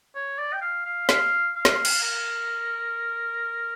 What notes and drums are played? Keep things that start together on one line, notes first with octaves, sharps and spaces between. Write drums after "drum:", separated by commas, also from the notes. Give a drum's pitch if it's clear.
C#5
D5
G5
F5
F5
F5, drum: snare
F5
drum: snare
drum: cymbal
A#4